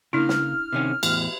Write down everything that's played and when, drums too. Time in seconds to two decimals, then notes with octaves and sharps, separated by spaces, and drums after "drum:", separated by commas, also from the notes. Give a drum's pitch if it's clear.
0.13 C#3 A#3 D4 E4 F6
0.29 drum: snare
0.73 C3 D#3 C#4
1.03 E2 A2, drum: cymbal